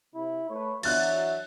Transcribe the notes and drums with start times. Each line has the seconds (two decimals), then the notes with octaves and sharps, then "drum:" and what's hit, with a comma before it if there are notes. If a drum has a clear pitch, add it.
0.15 C3 E4
0.50 A3 B4 C#5
0.83 E3 F#3 D4 E5 F#6 A6, drum: cymbal